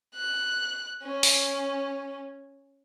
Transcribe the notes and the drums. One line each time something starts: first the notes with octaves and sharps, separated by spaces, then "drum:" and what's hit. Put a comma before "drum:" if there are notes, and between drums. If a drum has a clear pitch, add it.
F#6
C#4
drum: open hi-hat